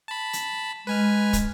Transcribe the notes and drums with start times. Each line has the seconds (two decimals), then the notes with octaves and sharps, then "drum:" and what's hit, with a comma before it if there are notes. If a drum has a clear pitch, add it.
0.08 A5 B5
0.33 drum: hi-hat
0.87 G#3 B4 G#5 F6
1.33 drum: kick, hi-hat